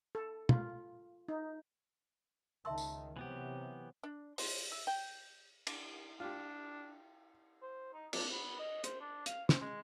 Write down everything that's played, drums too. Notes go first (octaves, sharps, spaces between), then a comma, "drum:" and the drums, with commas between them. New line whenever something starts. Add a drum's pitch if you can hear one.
A4
F4, drum: tom
D#4
C#2 D#3 E5 A5 C6 E6
drum: tambourine
C3 E3 F#3 B3 G4
D4
C5, drum: open hi-hat
E5
G5
D4, drum: cymbal
D4 F4 G4
C5
D#4
D4, drum: cymbal
B3
D#5
C5, drum: hi-hat
D4
F5, drum: hi-hat
C5, drum: snare
G#3